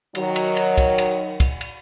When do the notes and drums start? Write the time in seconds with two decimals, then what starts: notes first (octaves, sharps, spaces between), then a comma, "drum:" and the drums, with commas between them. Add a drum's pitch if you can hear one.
0.15 D#3 F#3, drum: cymbal
0.36 drum: cymbal
0.57 drum: cymbal
0.77 drum: kick C2, cymbal
0.98 drum: cymbal
1.40 drum: kick C2, cymbal
1.61 drum: cymbal